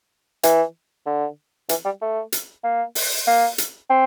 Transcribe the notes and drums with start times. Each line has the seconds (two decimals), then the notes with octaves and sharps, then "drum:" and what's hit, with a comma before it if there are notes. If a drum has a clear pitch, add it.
0.43 E3, drum: hi-hat
1.06 D3
1.69 E3, drum: hi-hat
1.85 G3
2.01 A3
2.32 drum: hi-hat
2.64 A#3
2.95 drum: open hi-hat
3.27 A#3
3.58 drum: hi-hat
3.90 C4